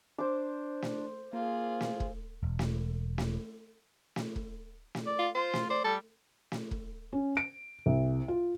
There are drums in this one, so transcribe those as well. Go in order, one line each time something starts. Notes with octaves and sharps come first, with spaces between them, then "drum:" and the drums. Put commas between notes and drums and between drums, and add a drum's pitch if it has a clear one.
D4 C5 D6
drum: snare
A#3 F4 G#4
drum: snare
drum: kick
E1
drum: snare
drum: snare
drum: snare
drum: kick
drum: snare
D5
F4
F4 C5
drum: snare
C5 D5
G3 A4
drum: snare
drum: kick
C#4
D7
C2
F4